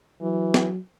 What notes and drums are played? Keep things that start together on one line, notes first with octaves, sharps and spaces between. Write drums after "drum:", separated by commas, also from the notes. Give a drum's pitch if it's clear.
E3 F#3
drum: snare